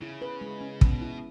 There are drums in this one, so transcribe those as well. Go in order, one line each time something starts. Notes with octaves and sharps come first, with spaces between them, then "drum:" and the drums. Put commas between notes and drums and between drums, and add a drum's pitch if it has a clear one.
C#3 E4
B4
G#3
C#4
B2 C#4, drum: kick
E4